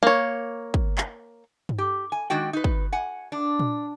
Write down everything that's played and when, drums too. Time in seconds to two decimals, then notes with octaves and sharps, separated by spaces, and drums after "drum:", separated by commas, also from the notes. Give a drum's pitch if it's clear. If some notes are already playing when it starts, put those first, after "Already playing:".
0.03 A#3 C#5
0.74 drum: kick
0.98 drum: clap
1.69 drum: tom G2
1.78 G4
2.12 G#5
2.30 D#3 G#3 D4 F#4 G5
2.53 D#4 B4
2.64 drum: kick
2.92 F#5 G#5
3.32 D4
3.59 drum: tom A#2